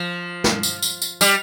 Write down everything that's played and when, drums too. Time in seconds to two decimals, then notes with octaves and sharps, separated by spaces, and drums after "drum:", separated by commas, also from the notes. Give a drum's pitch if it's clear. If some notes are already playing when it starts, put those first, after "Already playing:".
Already playing: F3
0.44 drum: snare
0.63 drum: tambourine
0.82 drum: tambourine
1.02 drum: tambourine
1.21 G3, drum: tambourine